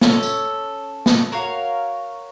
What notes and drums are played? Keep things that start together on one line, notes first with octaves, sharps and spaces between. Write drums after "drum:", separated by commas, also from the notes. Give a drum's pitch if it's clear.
C#4 E4 A4 C#5, drum: snare
drum: tambourine
drum: snare
F#4 A#4 C#5 F5